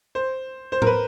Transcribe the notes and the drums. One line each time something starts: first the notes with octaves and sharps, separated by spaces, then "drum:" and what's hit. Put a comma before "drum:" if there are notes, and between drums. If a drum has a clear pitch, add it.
C5
C5
A#4, drum: tom A2
B4